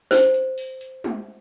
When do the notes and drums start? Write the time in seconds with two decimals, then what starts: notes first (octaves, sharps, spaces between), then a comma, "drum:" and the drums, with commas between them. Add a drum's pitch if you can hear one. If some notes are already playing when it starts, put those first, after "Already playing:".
0.11 C5, drum: snare
0.34 drum: hi-hat
0.58 drum: open hi-hat
0.81 drum: hi-hat
1.04 drum: tom G#3